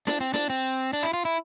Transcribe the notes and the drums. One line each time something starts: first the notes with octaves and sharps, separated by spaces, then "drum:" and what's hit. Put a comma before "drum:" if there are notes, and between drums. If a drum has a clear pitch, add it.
D4, drum: snare
C4
D4, drum: snare
C4
D4
E4
F4
E4